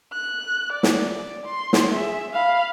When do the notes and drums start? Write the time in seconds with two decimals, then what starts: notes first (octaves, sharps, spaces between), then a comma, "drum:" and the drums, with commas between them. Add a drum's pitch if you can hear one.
0.13 F#6
0.73 D5
0.83 drum: snare
1.46 C6
1.73 drum: snare
1.91 G#4 E5
2.33 F5 B5